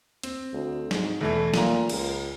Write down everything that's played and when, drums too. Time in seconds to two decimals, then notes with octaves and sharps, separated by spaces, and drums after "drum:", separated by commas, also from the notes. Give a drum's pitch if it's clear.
0.23 C4, drum: hi-hat
0.53 D2
0.91 G#2, drum: snare
1.21 E2 B2 E3 A3
1.54 A#2 A#5 D#7, drum: snare
1.89 C#2, drum: cymbal